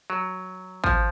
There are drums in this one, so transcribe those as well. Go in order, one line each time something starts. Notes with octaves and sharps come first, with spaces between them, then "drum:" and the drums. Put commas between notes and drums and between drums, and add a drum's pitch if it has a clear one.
F#3
F3, drum: kick